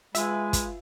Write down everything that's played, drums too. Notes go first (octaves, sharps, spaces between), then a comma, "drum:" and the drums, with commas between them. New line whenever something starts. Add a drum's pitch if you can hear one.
G#3 F4 B4 E5 G#5, drum: hi-hat
drum: kick, hi-hat